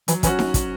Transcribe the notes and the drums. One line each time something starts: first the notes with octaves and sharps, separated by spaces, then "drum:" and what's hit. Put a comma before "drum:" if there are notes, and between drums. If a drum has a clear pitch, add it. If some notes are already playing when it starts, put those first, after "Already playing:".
E3 F#3, drum: hi-hat
E3 C#4 F#4, drum: kick, hi-hat
drum: snare D#4
drum: kick, hi-hat